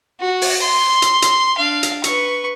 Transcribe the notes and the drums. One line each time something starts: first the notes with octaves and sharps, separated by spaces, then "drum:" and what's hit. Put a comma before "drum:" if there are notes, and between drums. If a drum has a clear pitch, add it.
F#4
drum: open hi-hat
C6
drum: hi-hat
drum: hi-hat
D4 F5
drum: hi-hat
B4 C#6, drum: hi-hat